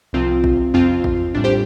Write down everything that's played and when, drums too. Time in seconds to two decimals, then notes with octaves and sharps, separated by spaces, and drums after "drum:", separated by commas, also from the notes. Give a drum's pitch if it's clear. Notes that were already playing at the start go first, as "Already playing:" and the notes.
0.13 C2 C3 F3 C4 F4
0.44 drum: kick A1
0.74 F2 F3 C4 F4
1.04 drum: kick A1
1.34 A1 A2 G3 D4
1.44 G4 C5